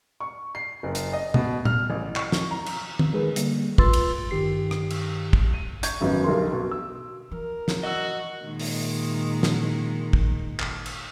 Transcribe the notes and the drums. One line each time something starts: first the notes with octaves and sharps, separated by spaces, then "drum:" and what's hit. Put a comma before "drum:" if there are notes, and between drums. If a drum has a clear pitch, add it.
C#6
C7
F#1
drum: hi-hat
D#5
B2, drum: tom B2
F6, drum: tom A#2
A1
C#6, drum: clap
drum: snare
A#5
drum: cymbal
drum: tom
D#3 G#3 G#4 B4
D3 G3 A#3, drum: hi-hat
C2 F4 B4 C6 E6 A6, drum: kick
drum: cymbal
G2 D#3 G4 C7
drum: rim click
drum: cymbal
drum: kick
D#7
C#6 G6 G#6, drum: hi-hat
G#1 F#2 B3
B1 D3 G4 A#4 C6
B2
E6
E3 A#4
drum: snare
F#4 D#5 E6
A#2 D#3 G#3
drum: open hi-hat
drum: snare
drum: kick
drum: clap
drum: cymbal